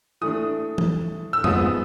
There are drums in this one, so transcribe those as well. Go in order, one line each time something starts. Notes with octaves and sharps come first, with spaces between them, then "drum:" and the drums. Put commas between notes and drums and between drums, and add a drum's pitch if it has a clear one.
E3 A3 D4 D#6
drum: tom
E6
G#2 F3 G#3 B3 D#6, drum: tom F2